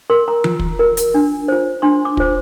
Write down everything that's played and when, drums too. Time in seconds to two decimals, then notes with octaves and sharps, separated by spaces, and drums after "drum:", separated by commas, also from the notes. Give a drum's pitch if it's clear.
0.10 A#4 C6
0.28 A#5
0.44 F4, drum: tom E3
0.59 drum: kick
0.79 A#4
0.97 drum: hi-hat
1.14 D4
1.48 F4 C5
1.82 D4 C6
2.05 D6
2.17 F4 C5, drum: kick